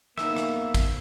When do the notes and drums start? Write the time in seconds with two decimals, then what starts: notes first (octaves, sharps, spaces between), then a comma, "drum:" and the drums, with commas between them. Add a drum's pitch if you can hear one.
0.18 A#3 B3 D#4 E5 E6, drum: rim click
0.37 drum: rim click
0.74 drum: kick, cymbal